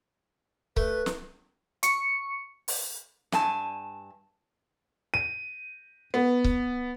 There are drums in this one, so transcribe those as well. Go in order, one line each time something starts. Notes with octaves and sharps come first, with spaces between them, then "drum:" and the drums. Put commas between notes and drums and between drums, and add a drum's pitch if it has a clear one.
A3 B4, drum: kick C#1
drum: snare
C#6 C#7, drum: hi-hat
drum: open hi-hat
G2 G#5 A5, drum: snare
D#7
B3
drum: kick C#1